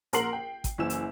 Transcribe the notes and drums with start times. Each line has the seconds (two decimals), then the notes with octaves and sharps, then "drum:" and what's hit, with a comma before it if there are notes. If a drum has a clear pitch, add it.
0.13 A#1 A#4 F#5 C6 C7 F#7, drum: hi-hat
0.33 G5
0.64 drum: kick, hi-hat
0.78 F#1 F#2 E3 G#5 E6 E7
0.90 drum: hi-hat